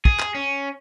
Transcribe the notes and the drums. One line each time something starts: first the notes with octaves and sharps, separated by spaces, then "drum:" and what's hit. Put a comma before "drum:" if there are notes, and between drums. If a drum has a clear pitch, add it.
G#4, drum: kick
drum: clap
C#4